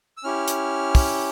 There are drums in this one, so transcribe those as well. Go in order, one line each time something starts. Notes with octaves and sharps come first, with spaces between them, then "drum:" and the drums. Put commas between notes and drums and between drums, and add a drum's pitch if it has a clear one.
E6
C#4 E4 G4 F6
drum: hi-hat
drum: kick, open hi-hat